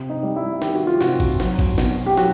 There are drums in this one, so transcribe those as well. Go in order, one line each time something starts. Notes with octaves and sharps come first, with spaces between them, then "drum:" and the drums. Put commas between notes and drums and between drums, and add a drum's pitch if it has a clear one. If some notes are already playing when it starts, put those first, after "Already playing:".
Already playing: C3
D#4
G3
E4
D#3 G4, drum: snare
F#4
F4
C3 F#4, drum: snare
drum: kick G#1, cymbal
F#3, drum: snare
drum: kick G#1, cymbal
B2, drum: snare
G4
F#3 F#4, drum: snare